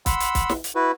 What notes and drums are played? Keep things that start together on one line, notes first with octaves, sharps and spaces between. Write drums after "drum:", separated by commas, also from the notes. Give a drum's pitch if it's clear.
F#5 B5 C6 E6, drum: kick, hi-hat
drum: hi-hat
drum: kick, hi-hat
drum: snare
drum: hi-hat
E4 F#4 B4